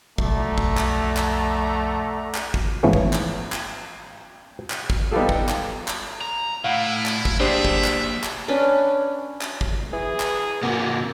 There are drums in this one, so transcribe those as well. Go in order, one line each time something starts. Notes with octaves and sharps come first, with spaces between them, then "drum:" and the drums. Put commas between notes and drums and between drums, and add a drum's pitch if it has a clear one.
B1 F2 A3 D5 F#5 A#5, drum: kick
drum: kick
drum: clap
drum: clap
drum: clap
drum: kick
G#2 E3 F3 A3 B3 C#4
drum: kick
drum: clap
drum: clap
drum: clap
drum: kick
G3 B3 D#4 F4 G4 A4
drum: kick
drum: clap
drum: clap
A#5
A2 E4 F5 F#5
drum: clap
drum: kick
A#3 D4 G4 G#4 C5 E5
drum: kick
drum: clap
drum: clap
C#4 D4 B4
drum: clap
drum: kick
E3 G#4
drum: clap
C3 A#3 F#4